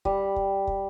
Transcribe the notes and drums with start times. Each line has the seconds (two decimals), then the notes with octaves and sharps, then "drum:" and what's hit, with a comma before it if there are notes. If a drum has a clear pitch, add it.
0.05 G3, drum: kick
0.36 drum: kick
0.67 drum: kick